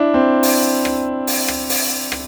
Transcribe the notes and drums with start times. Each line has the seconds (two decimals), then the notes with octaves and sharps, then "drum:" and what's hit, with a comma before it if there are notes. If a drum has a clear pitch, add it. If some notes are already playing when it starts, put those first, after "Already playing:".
Already playing: D4 E4
0.14 C4
0.43 drum: open hi-hat
0.85 drum: rim click
1.27 drum: open hi-hat
1.48 drum: rim click
1.70 drum: open hi-hat
2.12 drum: rim click